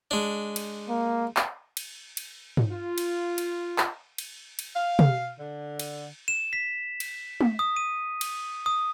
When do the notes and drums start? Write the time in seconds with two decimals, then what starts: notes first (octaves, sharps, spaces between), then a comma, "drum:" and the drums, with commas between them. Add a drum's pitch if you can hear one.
0.11 G#3 D4
0.56 drum: cymbal
0.89 A#3
1.37 drum: clap
1.77 drum: cymbal
2.17 drum: cymbal
2.57 drum: tom
2.71 F4
2.98 drum: cymbal
3.38 drum: cymbal
3.78 drum: clap
4.18 drum: cymbal
4.59 drum: cymbal
4.75 F5
4.99 drum: tom
5.39 D3
5.79 drum: cymbal
6.28 E7
6.53 B6
7.00 drum: cymbal
7.41 drum: tom
7.59 D#6
7.76 D#7
8.21 drum: cymbal
8.66 D#6